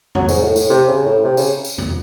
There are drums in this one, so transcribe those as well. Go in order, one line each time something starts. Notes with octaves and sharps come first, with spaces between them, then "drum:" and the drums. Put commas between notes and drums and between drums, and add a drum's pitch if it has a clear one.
F#3, drum: tom
G#2, drum: tambourine
A2
A2, drum: tambourine
C3
C#3
A2
C3
C#3, drum: tambourine
drum: tambourine
drum: tom